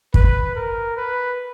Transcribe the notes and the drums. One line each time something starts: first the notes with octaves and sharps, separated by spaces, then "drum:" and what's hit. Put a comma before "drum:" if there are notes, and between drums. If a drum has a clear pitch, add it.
B4, drum: kick
A#4
B4